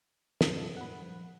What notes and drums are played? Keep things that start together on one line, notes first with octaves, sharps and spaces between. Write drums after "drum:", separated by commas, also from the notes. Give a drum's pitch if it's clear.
E2 A#2 F#3, drum: snare
F4 A4
F#2 A#2 F#5 B5
F3 G3